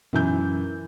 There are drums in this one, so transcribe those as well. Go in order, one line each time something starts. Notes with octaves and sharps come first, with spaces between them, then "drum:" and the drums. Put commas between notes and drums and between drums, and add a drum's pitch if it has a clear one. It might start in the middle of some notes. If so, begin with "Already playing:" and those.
F#2 E3 G6, drum: tom A#2